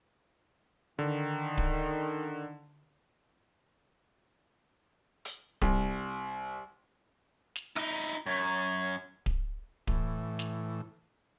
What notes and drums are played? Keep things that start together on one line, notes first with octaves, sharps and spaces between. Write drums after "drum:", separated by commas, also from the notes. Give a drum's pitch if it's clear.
D3 D#3
drum: kick D1
drum: hi-hat
C2, drum: kick D1
drum: snare
D#4 E4, drum: rim click
F#2 C#5
drum: kick D1
A2 E3, drum: kick D1
drum: snare